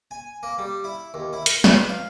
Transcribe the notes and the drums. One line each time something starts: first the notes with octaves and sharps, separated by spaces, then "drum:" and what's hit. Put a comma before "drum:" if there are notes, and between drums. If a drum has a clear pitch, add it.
G#5
A#3
G3
E4
D#2
E4
A#4, drum: hi-hat
B4, drum: snare
F5